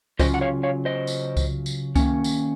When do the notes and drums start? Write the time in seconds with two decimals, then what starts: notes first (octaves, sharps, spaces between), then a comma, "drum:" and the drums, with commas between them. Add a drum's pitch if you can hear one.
0.19 C#3 F#3 C#4 F4 C5 D#5, drum: kick C#2, tambourine
0.34 F#5
0.41 C#5 F5
0.63 C#5 F5
0.85 C5 D#5
1.07 drum: tambourine
1.37 drum: kick C#2, tambourine
1.66 drum: tambourine
1.96 D#3 A#3 C#4, drum: kick C#2, tambourine
2.24 drum: tambourine